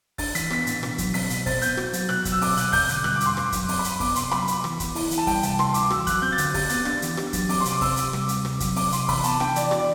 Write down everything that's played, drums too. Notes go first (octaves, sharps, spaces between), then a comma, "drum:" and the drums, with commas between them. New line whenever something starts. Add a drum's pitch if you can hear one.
D4 A6, drum: kick, open hi-hat
E3 B6, drum: hi-hat
B3 B6, drum: rim click
A2, drum: hi-hat
B2, drum: rim click
F#3, drum: kick, hi-hat
C4 B6, drum: open hi-hat
B2, drum: hi-hat
C5 A6, drum: kick, open hi-hat
B3 G6, drum: hi-hat
F#4, drum: rim click
F#3, drum: hi-hat
B2 F#6, drum: rim click
F#3, drum: kick, hi-hat
E6
C4 D6, drum: open hi-hat
B2 F#6, drum: hi-hat
E2 G6, drum: kick, open hi-hat
D3, drum: hi-hat
G3 F#6, drum: rim click
D6
E2, drum: hi-hat
C6
F#2, drum: rim click
F#3, drum: kick, hi-hat
C4, drum: open hi-hat
B5
F#2, drum: hi-hat
B3 D6, drum: kick, open hi-hat
C3 C6, drum: hi-hat
F#3 B5, drum: rim click
C2, drum: hi-hat
E3, drum: rim click
B3, drum: kick, hi-hat
E4, drum: open hi-hat
E3, drum: hi-hat
A5
G3 G5, drum: kick, open hi-hat
C3 A5, drum: hi-hat
E3 C6, drum: rim click
D2 D6, drum: hi-hat
D6
F#4 E6, drum: rim click
F#3 F#6, drum: kick, hi-hat
C4 G6
A6
D3, drum: hi-hat
G4 A6, drum: kick, open hi-hat
B3 A6, drum: hi-hat
D4 A6, drum: rim click
E3, drum: hi-hat
G4, drum: rim click
F#3, drum: kick, hi-hat
C4 D6, drum: open hi-hat
C6
C3, drum: hi-hat
D6
C4 E6, drum: kick, open hi-hat
C3, drum: hi-hat
G3, drum: rim click
D2, drum: hi-hat
C3, drum: rim click
F#3, drum: kick, hi-hat
C4 D6, drum: open hi-hat
C3 C6, drum: hi-hat
E3 B5, drum: kick, open hi-hat
B3 A5, drum: hi-hat
D4 G5, drum: rim click
E3 D5, drum: hi-hat
F#4 D5, drum: rim click